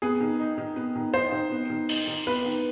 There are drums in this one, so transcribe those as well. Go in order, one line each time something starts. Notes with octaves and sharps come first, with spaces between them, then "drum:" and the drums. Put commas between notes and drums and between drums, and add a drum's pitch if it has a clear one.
B3 G#4
D#3
D#4
D#3
B3
D#3
D#4 C5
D#3
B3
D#3
D#4, drum: open hi-hat
D#3
B3 B4
D#3